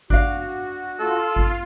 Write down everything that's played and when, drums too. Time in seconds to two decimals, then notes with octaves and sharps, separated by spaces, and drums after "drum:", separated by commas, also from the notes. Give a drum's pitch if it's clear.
0.10 D4 F#4 F5, drum: kick G#1
0.99 F4 A4
1.36 drum: kick G#1